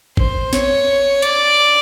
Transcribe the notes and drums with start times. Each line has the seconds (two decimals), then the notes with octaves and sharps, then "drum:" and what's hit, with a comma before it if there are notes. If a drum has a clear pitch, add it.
0.17 C5, drum: kick G#1
0.53 C#5, drum: snare
1.22 D5, drum: hi-hat